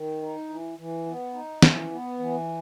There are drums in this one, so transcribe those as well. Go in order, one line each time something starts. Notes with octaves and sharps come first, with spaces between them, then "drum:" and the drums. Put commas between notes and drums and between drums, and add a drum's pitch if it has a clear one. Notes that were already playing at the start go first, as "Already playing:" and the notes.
Already playing: D#3
D#4
E3
E3
B3
D#4
E3, drum: snare
B3
E3